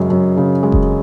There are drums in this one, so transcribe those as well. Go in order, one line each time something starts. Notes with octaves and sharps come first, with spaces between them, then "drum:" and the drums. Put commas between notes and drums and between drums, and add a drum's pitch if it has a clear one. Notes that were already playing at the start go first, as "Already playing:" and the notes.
Already playing: F#2 C#3 G#3
F#2
C#3
G#3
drum: kick F1